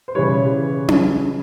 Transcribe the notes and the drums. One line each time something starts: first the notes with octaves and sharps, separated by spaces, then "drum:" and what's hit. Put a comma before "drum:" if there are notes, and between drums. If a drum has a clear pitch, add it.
C5
C#3 E3 G3 B4 C#5
drum: tom C#4